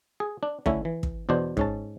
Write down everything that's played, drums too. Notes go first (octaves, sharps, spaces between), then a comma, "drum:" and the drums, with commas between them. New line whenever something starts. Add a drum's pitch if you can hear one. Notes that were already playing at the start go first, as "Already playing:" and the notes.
G#4
D4
D3 A3 C#4 E4, drum: kick
E3
drum: kick
E2 B2 D4 C5
G#2 C#4 A5, drum: kick